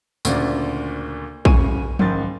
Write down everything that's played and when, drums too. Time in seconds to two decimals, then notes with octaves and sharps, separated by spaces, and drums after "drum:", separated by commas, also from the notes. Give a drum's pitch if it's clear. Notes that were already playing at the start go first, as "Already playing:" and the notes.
0.25 D2 A#2 C#3 D5, drum: tambourine
1.45 D1 C#3 G#5 C#6 D#7, drum: kick
1.99 C#2 G#2 D#3 C6 A6, drum: tom F3